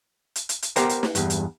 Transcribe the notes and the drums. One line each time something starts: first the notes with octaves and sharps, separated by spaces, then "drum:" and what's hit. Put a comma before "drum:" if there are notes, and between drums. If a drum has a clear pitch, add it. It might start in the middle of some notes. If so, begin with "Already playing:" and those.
drum: hi-hat
drum: hi-hat
drum: hi-hat
B3 G4 A#4 C5 G5 A#5, drum: hi-hat
drum: hi-hat
drum: snare
E2 G2, drum: hi-hat
drum: hi-hat